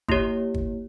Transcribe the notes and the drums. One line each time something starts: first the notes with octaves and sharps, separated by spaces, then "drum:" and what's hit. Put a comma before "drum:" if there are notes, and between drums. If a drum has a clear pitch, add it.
A#3 E4 G4 C#5, drum: kick
drum: kick